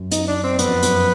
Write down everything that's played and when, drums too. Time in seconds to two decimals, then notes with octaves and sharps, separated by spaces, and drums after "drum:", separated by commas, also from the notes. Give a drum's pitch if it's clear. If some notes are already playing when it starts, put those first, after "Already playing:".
Already playing: F#2
0.11 D#4, drum: hi-hat
0.27 D4
0.43 C4
0.59 F2 B3, drum: hi-hat
0.83 F#2, drum: hi-hat